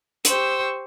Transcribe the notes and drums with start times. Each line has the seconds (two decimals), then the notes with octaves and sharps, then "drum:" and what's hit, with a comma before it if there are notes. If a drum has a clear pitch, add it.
0.25 G4 C5 C#6 E6, drum: hi-hat